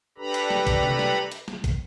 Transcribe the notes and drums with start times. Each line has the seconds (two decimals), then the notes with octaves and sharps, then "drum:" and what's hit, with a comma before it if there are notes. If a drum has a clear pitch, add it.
0.18 D4 G4 A4 B4 A#5 B5
0.34 drum: hi-hat
0.50 drum: snare
0.67 drum: kick, hi-hat
0.83 drum: tom C3
0.99 drum: snare
1.32 drum: hi-hat
1.48 drum: snare
1.64 drum: kick, hi-hat